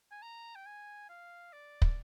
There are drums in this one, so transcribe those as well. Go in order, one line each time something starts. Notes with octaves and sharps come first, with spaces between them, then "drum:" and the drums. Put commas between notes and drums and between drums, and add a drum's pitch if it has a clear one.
G#5
A#5
G5
G#5
F5
D5
drum: kick